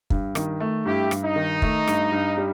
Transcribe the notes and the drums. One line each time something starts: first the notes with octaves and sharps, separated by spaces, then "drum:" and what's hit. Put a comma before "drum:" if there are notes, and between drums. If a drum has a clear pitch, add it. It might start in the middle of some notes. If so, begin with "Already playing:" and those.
G2, drum: kick
D#3, drum: rim click
A3
G2 E4 G4
G2, drum: rim click
D#4
D#3
A3, drum: kick
G2, drum: rim click
G2
G3